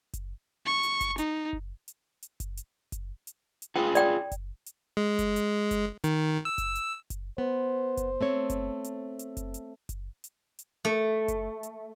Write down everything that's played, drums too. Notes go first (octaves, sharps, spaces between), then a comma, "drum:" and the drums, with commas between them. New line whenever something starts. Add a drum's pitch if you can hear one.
drum: kick F#1, hi-hat
C#6
drum: hi-hat
drum: kick F#1, hi-hat
D#4, drum: hi-hat
drum: kick F#1
drum: hi-hat
drum: hi-hat
drum: kick F#1, hi-hat
drum: hi-hat
drum: kick F#1, hi-hat
drum: hi-hat
drum: hi-hat
F4 G#4 B4 G5
D5 G5, drum: hi-hat
drum: kick F#1, hi-hat
drum: hi-hat
G#3
drum: kick F#1, hi-hat
drum: hi-hat
drum: kick F#1, hi-hat
D#3, drum: hi-hat
E6
drum: kick F#1, hi-hat
drum: hi-hat
drum: kick F#1, hi-hat
B3 C5
drum: kick F#1, hi-hat
A3 C4 C#5
drum: kick F#1, hi-hat
drum: hi-hat
drum: hi-hat
drum: kick F#1, hi-hat
drum: hi-hat
drum: kick F#1, hi-hat
drum: hi-hat
drum: hi-hat
A3
drum: kick F#1, hi-hat
drum: hi-hat